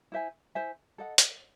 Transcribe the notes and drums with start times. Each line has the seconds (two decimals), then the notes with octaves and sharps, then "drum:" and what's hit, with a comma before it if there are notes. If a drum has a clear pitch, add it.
0.12 E4 C5 E5 G#5
0.55 E4 C5 E5 G#5
0.98 A4 D#5 F#5
1.18 drum: hi-hat